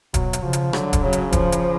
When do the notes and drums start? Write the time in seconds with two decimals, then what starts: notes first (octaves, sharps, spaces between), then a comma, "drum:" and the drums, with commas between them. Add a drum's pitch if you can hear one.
0.14 B2 F#3, drum: kick, hi-hat
0.33 drum: hi-hat
0.43 C#3 F3
0.53 drum: hi-hat
0.73 D3 F#3, drum: rim click
0.93 drum: kick, hi-hat
1.03 C#3 F#3
1.13 drum: hi-hat
1.33 F3, drum: kick, hi-hat
1.52 drum: hi-hat